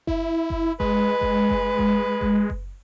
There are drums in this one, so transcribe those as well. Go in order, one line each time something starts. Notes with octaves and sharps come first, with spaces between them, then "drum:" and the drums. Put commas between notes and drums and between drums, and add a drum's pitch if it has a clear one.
E4, drum: kick F#1
drum: kick F#1
G#3 B4, drum: kick F#1
drum: kick F#1
drum: kick F#1
drum: kick F#1
drum: kick F#1
drum: kick F#1